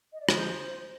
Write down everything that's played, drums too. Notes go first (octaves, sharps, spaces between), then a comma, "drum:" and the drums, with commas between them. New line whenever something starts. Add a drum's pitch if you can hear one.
D#5
D5
D3 F3 G#3 C5, drum: rim click